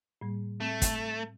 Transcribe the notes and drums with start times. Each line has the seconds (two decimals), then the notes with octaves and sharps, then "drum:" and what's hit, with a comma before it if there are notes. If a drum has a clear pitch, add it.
0.21 A2 G3 A#3
0.60 A3 C4
0.82 drum: kick, hi-hat